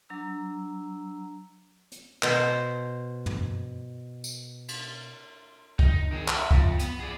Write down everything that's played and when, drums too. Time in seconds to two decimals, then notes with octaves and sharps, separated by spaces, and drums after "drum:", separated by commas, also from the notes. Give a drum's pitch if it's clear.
0.09 F#3 D4 A#5 E6
1.92 drum: hi-hat
2.23 B2 C5, drum: clap
3.26 drum: tom
4.24 drum: tambourine
4.68 drum: cymbal
5.79 D#4, drum: kick C2
6.12 D#3 G#4
6.28 E5, drum: clap
6.51 F2, drum: kick C2
6.79 B3, drum: hi-hat
7.00 G#4 D5